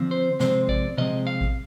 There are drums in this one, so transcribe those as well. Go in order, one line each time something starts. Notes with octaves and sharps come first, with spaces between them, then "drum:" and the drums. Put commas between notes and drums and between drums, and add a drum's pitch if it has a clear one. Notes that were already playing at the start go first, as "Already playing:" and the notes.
Already playing: D3 F3 C4
C5
C3 F3 G#3 C4 C5, drum: snare
D5, drum: kick A1
C3 F3 G#3 C4 D#5
F5
drum: kick A1